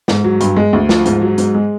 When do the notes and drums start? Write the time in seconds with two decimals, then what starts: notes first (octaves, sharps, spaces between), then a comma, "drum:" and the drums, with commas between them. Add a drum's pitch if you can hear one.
0.08 G#2, drum: snare
0.24 F#3
0.41 G2, drum: hi-hat
0.57 G#3
0.73 D2
0.89 F3, drum: snare
1.06 G#2, drum: hi-hat
1.21 F#3
1.38 G#2, drum: hi-hat
1.55 G#3